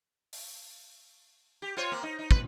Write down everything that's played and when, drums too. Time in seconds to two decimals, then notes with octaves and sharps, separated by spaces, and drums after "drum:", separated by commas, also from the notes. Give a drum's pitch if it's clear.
0.33 drum: open hi-hat
1.62 G4
1.77 F4 C5 C#5
1.92 A#3 C4
2.03 D#4
2.19 D#4
2.31 B4, drum: kick